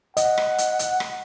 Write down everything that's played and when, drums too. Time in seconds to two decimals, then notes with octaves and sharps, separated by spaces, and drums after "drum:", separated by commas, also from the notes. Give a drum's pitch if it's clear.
0.17 D#5 F#5, drum: hi-hat
0.38 drum: rim click
0.58 drum: hi-hat
0.79 drum: hi-hat
1.00 drum: rim click